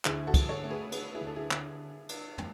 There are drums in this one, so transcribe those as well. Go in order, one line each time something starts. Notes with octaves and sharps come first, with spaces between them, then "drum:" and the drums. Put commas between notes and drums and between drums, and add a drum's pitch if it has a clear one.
D2 E4 G#4, drum: clap
F#4 A4
D2, drum: kick, cymbal
A4 C#5
A3
G#4 B4
A3 G#4 B4, drum: cymbal
E4 G#4
D2
A4
E4 G#4
D3, drum: clap
drum: cymbal
drum: tom